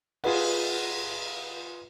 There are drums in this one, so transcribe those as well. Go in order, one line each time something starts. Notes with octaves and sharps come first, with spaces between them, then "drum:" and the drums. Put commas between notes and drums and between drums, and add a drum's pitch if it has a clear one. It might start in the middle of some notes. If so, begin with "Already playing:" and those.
F4 G#4 B4 F#5, drum: cymbal